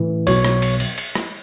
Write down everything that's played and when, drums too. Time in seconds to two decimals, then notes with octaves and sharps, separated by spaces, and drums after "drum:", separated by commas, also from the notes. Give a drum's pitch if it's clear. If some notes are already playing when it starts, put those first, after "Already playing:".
Already playing: A2 E3
0.27 B1 B2 F#3 C#5, drum: cymbal
0.45 drum: rim click
0.62 drum: cymbal
0.80 drum: cymbal
0.98 drum: cymbal
1.15 drum: rim click